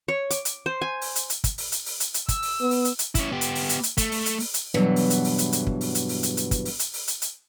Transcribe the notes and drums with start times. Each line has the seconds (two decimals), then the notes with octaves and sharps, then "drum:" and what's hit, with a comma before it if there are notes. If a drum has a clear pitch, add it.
0.08 C#5
0.30 D6, drum: hi-hat
0.45 drum: hi-hat
0.66 C5
0.82 G#5
1.01 drum: open hi-hat
1.16 drum: hi-hat
1.30 drum: hi-hat
1.44 drum: kick, hi-hat
1.58 drum: open hi-hat
1.72 drum: hi-hat
1.86 drum: open hi-hat
2.00 drum: hi-hat
2.14 drum: hi-hat
2.29 E6, drum: kick, hi-hat
2.42 drum: open hi-hat
2.61 B3
2.71 drum: open hi-hat
2.85 drum: hi-hat
2.99 drum: hi-hat
3.15 C#4 E4, drum: kick, hi-hat
3.32 B3 G4
3.41 drum: hi-hat
3.55 drum: open hi-hat
3.69 drum: hi-hat
3.83 drum: hi-hat
3.97 A3, drum: kick, hi-hat
4.12 drum: open hi-hat
4.26 drum: hi-hat
4.40 drum: open hi-hat
4.54 drum: hi-hat
4.74 E2 G2 B2 E3 F#3
4.96 drum: open hi-hat
5.10 drum: hi-hat
5.24 drum: open hi-hat
5.38 drum: hi-hat
5.53 drum: hi-hat
5.67 drum: kick
5.81 drum: open hi-hat
5.95 drum: hi-hat
6.09 drum: open hi-hat
6.23 drum: hi-hat
6.37 drum: hi-hat
6.51 drum: kick, hi-hat
6.65 drum: open hi-hat
6.79 drum: hi-hat
6.93 drum: open hi-hat
7.08 drum: hi-hat
7.22 drum: hi-hat